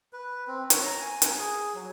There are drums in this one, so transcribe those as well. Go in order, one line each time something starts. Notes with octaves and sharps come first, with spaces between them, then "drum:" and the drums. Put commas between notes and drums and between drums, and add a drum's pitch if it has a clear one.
B4
C4
C#5, drum: hi-hat
A#5
G#5
drum: hi-hat
G#4
F#3